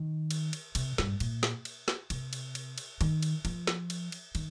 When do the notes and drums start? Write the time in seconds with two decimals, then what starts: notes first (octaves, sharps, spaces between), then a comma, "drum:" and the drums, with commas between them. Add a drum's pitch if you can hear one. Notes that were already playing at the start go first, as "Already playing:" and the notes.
Already playing: D#3
0.31 drum: cymbal
0.53 drum: cymbal
0.75 C3, drum: cymbal
0.98 G2, drum: snare
1.20 A#2, drum: cymbal
1.43 drum: snare
1.65 drum: cymbal
1.88 drum: snare
2.10 C3, drum: cymbal
2.33 drum: cymbal
2.55 drum: cymbal
2.78 drum: cymbal
3.01 D#3, drum: cymbal
3.23 drum: cymbal
3.45 F3, drum: cymbal
3.67 drum: snare
3.90 drum: cymbal
4.12 drum: cymbal
4.35 D#3, drum: cymbal